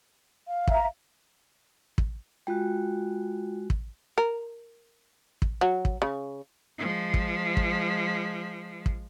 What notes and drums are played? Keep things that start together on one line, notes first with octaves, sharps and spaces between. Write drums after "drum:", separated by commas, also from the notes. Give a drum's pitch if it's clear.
F5
E5 A#5, drum: kick
drum: kick
G#3 F4 F#4 G5
drum: kick
A#4
drum: kick
F#3
drum: kick
C#3
F3 G#3
drum: kick
drum: kick
drum: kick